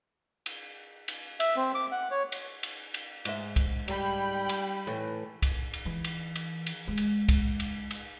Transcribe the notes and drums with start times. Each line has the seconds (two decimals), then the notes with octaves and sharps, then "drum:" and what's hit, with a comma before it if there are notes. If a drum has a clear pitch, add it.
0.46 drum: cymbal
1.08 drum: cymbal
1.40 E5, drum: cymbal
1.56 C4
1.75 D6
1.92 F#5
2.11 C#5
2.32 drum: cymbal
2.63 drum: cymbal
2.94 drum: cymbal
3.25 G#2 E5, drum: cymbal
3.56 drum: kick, cymbal
3.88 G3 G5 B5, drum: cymbal
4.49 drum: cymbal
4.87 A2 E3
5.42 drum: kick, cymbal
5.73 drum: cymbal
5.85 E3
6.04 drum: cymbal
6.36 drum: cymbal
6.67 drum: cymbal
6.87 G#3
6.98 drum: cymbal
7.29 drum: kick, cymbal
7.60 drum: cymbal
7.91 drum: cymbal